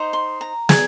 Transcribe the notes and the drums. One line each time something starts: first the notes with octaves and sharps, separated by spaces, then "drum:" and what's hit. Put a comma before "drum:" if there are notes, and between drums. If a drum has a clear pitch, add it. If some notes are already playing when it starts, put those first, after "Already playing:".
Already playing: D#4 C5 D#5
C6
A#5
G#4 D5, drum: snare